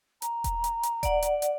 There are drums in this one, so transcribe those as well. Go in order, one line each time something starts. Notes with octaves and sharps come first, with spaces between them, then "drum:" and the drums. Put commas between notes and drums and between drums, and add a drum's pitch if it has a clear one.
A#5, drum: hi-hat
drum: kick E1, hi-hat
drum: hi-hat
drum: hi-hat
D5 F#5, drum: kick E1, hi-hat
drum: hi-hat
drum: hi-hat